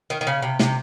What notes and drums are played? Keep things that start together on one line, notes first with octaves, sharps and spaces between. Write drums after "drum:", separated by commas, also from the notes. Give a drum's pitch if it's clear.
D#3
D#3
C#3
C3
C3, drum: snare